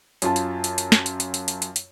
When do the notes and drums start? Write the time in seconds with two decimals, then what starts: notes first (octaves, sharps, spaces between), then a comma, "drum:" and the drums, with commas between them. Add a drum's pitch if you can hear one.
0.22 F#2 F4 A5, drum: hi-hat
0.36 drum: hi-hat
0.64 drum: hi-hat
0.78 drum: hi-hat
0.92 drum: snare
1.06 drum: hi-hat
1.20 drum: hi-hat
1.34 drum: hi-hat
1.48 drum: hi-hat
1.62 drum: hi-hat
1.76 drum: hi-hat